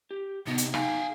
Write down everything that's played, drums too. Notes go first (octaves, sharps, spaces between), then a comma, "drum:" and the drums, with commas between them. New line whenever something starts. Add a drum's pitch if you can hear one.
G4
C3 B3 D#4 F#4 G4
drum: hi-hat
D#4 G#4 F5 G5 G#5, drum: rim click